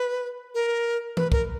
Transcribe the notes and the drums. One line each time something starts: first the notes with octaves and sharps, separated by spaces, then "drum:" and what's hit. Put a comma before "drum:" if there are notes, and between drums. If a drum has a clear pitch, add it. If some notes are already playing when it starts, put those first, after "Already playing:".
Already playing: B4
A#4
B4, drum: tom E3
A#4, drum: kick